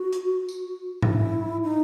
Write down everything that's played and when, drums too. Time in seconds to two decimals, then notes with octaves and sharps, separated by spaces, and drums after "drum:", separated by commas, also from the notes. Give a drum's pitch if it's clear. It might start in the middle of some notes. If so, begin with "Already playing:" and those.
Already playing: F#4
0.13 drum: hi-hat
0.49 drum: tambourine
1.02 E4, drum: tom G#2
1.63 D#4